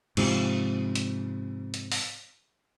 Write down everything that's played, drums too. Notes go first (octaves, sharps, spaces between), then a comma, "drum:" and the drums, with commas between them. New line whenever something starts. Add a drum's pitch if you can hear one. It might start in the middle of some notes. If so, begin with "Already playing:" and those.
G#2 C3 F3, drum: cymbal
drum: hi-hat
drum: hi-hat
drum: open hi-hat